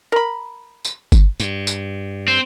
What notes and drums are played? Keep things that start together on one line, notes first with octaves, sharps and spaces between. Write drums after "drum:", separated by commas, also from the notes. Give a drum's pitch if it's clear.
A#4 B5
drum: tambourine
drum: kick G1, tambourine
G2, drum: tambourine
drum: tambourine
C4